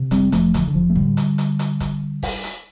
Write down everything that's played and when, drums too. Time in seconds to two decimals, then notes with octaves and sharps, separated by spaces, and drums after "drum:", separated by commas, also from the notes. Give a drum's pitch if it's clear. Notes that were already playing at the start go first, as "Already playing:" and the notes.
Already playing: C3
0.11 F1 G3 C4, drum: hi-hat
0.32 F1 F3 A3, drum: hi-hat
0.54 D3 F3, drum: kick, hi-hat
0.68 D3
0.74 F1 F3
0.90 A3
0.95 A2 D3 G3, drum: kick
1.17 drum: hi-hat
1.38 drum: hi-hat
1.59 drum: hi-hat
1.80 drum: kick, hi-hat
2.23 drum: kick, open hi-hat
2.44 drum: hi-hat